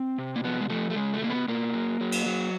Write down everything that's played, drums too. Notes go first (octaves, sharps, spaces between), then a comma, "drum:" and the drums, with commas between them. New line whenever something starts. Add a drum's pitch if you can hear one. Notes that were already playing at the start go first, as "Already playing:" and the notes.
Already playing: C4
C3
A#3
F3 B3
G#3
F3 A3
A3
C#3 G#3
A3
C#3 A#3
B3
B2 A#3
F#3
F#3
drum: cymbal
F#3